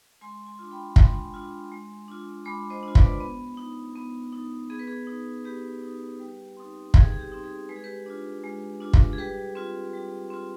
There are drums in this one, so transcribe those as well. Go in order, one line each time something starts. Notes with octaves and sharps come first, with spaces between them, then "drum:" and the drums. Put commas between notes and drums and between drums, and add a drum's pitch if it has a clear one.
G#3 G#5 C6
G#5 C6
D4 F4
G5 B5
G#3 G#5 C6, drum: kick
D4 F4
G#3
D4 F4
G#3 B5 D6
C5 D#5
D4
F4
B4 D5, drum: kick
B3
D#4
B3
D#4
B3 G#4
B4
G#4
D#4
B3 G4 B4
D#4
G3
C4 D#4
G3 G#4, drum: kick
G#4
G4
C4 D#4
G#4
G#3 B4
G#4
G4 B4
D4 F4
G#3
D4 F4
drum: kick
G#4
G3 G4 B4
C4 F4
G3
C4 F4